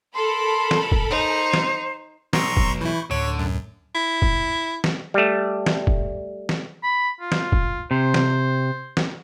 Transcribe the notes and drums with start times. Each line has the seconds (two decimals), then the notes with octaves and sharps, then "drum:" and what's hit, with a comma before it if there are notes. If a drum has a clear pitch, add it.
0.14 A4 A#4 B5 C6
0.71 drum: snare
0.92 drum: kick
1.10 D#4 C5
1.54 drum: snare
2.33 B1 A#5 C6 C#6 E6, drum: snare
2.57 drum: kick
2.81 E3 E4 B5 C#6 G6
3.11 D2 A2 D3 C#5
3.39 F#2
3.95 E4
4.22 drum: kick
4.84 drum: snare
5.14 G3 A3
5.66 drum: snare
5.87 drum: kick
6.49 drum: snare
6.83 B5
7.21 F4
7.32 drum: snare
7.52 drum: kick
7.91 C3 C5
8.14 drum: snare
8.97 drum: snare